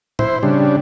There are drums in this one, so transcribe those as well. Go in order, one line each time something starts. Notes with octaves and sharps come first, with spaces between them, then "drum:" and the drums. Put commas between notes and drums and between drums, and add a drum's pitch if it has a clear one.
E4 C5, drum: tom A2
C#3 G3 D4